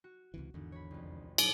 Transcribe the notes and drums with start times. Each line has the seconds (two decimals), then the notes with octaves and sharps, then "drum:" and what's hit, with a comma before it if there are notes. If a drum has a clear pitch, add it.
0.04 F#4
0.34 C#2 C3 E3
0.54 G#1 E2 D3
0.72 C#5 B5
0.91 C2 F2
1.38 B2 F#3, drum: cymbal